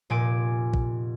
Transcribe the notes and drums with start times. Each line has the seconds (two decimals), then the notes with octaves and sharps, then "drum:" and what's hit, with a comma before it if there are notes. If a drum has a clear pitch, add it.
0.10 F1 A#2 G#5 D6 D7
0.74 drum: kick